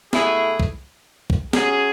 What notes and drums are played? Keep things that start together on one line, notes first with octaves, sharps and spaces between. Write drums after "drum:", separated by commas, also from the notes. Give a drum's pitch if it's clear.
B2 A3 E4 G#4, drum: snare
drum: kick
drum: kick
F#3 C#4 G#4, drum: snare